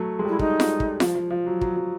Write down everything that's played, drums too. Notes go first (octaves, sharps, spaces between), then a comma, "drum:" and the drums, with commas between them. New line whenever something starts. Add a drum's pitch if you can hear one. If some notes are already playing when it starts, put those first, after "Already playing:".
Already playing: F#3 A3
G#3
G3 E4
D#4, drum: kick
drum: snare F4
drum: kick
F3, drum: snare F4
F3
F3
F#3
F#3, drum: kick
F#3